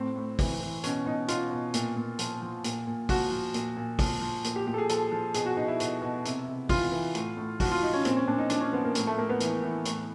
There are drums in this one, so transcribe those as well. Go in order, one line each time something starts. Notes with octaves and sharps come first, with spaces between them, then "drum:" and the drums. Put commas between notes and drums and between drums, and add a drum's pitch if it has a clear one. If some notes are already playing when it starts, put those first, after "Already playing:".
Already playing: A2 C4
A2
E3, drum: kick, open hi-hat
E3
B2 C#4, drum: hi-hat
B2 D#4
B2 F4, drum: hi-hat
B2
A#2, drum: hi-hat
A#2
F3, drum: hi-hat
F3
A#2, drum: hi-hat
A#2
F3 F#4, drum: kick, open hi-hat
F3
A#2, drum: hi-hat
A#2
F3, drum: kick, open hi-hat
F3
A#2, drum: hi-hat
G4
A#2 G4
A4
G#4
F3 A4, drum: hi-hat
F3
B2 G#4, drum: hi-hat
F#4
B2 D#4
E4
B2, drum: hi-hat
B2
C3, drum: hi-hat
C3
E3 F4, drum: kick, open hi-hat
E3
A2, drum: hi-hat
A2
F3 F#4, drum: kick, open hi-hat
F4
F3 D#4
C#4
A#2 C4, drum: hi-hat
C#4
A#2 D4
D#4
F3 D4, drum: hi-hat
C#4
F3 B3
A#3
A2 A#3, drum: hi-hat
A3
A2 A#3
B3
E3, drum: hi-hat
E3
A2, drum: hi-hat